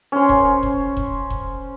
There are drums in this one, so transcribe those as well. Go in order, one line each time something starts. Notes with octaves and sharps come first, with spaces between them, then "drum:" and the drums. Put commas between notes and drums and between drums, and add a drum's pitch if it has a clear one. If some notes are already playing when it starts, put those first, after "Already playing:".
C#4 C5
drum: kick E1
drum: kick E1
drum: kick E1
drum: kick E1